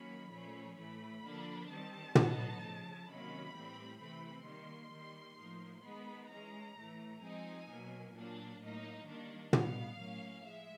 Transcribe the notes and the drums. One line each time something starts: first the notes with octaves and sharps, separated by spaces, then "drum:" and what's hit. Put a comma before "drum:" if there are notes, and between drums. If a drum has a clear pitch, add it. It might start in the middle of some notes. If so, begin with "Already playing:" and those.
Already playing: D#3 F#3 A#3 C#4 B5
A#2 F3 A3 C#4
A2 E3 A3 B5
D3 F3 A#3 D4
D#3 G3 C4 A5
D3 F#3 B3 D#4, drum: tom
C#3 F3 A3
C3 D#3 F#3 A#3 C#4 B5
A2 E3 G3 C4
C3 E3 A3 C4 B5
D#3 G3 A#3 C6
D#3 G3 A#3
A2 F3 A#3 D#4
D#3 G#3 B3 D#4 B5
E3 G#3 C#4 A#5
A2 E3 A3
F3 G#3 C4 D#4 G#5
B2 F#3 A#3
A#2 F#3 A#3 D4
A2 F#3 A#3 D#4
D#3 G3 A#3 D4
B2 G3 B3 F5, drum: tom
A2 F#3 A#3 C#4
F3 G#3 E5